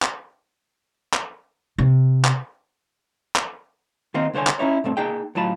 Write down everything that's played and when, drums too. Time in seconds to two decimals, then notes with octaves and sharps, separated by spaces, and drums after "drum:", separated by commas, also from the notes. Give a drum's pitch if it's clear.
0.02 drum: clap
1.13 drum: clap
1.78 C3
2.25 drum: clap
3.36 drum: clap
4.14 D#3 A#3 C4 D#4
4.34 C2 D3 C5 C#5 G#5
4.47 drum: clap
4.59 C#4 D#4 E4 C#5
4.84 B1 G2 A3 C4
4.97 A#3 D#4 G#4 G5
5.35 A2 F#3 F4 A5 B5